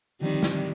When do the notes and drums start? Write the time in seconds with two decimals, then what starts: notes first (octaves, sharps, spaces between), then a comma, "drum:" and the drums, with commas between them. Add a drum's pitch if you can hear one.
0.21 D3 D#3 F3 G3 C4 D#4
0.43 drum: snare